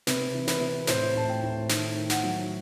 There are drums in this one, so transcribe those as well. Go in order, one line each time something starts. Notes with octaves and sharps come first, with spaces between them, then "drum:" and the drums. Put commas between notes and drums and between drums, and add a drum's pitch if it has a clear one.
C3 B4, drum: snare
E3
B4, drum: snare
C3
A2 C5, drum: snare
A2 A5
G5
A2
D#3, drum: snare
D#3
F#5, drum: snare
F#3